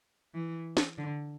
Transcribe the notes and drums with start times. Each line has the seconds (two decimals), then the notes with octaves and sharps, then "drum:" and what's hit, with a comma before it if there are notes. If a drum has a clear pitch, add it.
0.34 E3
0.77 drum: snare
0.98 D3